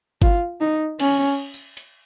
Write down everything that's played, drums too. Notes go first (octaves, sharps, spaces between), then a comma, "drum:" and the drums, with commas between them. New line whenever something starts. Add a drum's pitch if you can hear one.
F4, drum: kick G1
D#4
C#4, drum: cymbal
drum: tambourine
drum: hi-hat